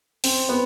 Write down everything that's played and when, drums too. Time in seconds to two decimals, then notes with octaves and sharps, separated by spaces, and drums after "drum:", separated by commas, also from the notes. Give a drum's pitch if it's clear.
0.24 C4, drum: open hi-hat
0.49 B3